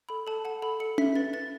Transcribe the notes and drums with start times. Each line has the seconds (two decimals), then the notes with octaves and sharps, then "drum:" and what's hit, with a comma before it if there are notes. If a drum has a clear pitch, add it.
0.09 A4 B5
0.27 A4 A5
0.45 F#5 A5
0.62 A4 B5
0.80 A4 C#7
0.98 E5 B6, drum: tom C#4
1.15 B4 A6
1.33 B4 A6